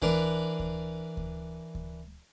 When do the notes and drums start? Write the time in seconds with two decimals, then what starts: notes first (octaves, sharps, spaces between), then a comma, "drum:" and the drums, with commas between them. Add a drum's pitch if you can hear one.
0.02 E3 D4 A#4 B4, drum: kick D2
0.59 drum: kick D2
1.17 drum: kick D2
1.75 drum: kick D2